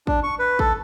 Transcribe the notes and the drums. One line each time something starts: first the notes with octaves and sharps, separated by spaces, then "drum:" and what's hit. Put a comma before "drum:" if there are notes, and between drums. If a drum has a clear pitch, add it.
D4, drum: kick
C#6
B4
A4, drum: kick